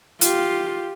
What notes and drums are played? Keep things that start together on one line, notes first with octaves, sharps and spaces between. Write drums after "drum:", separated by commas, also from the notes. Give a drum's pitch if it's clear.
F4 G4, drum: hi-hat